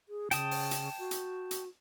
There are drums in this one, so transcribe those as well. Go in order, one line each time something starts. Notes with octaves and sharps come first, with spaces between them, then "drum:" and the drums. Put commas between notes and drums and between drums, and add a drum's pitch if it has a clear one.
G#4
C#3 G5 A5 D#6, drum: hi-hat
drum: open hi-hat
drum: hi-hat
F#4
drum: hi-hat
drum: hi-hat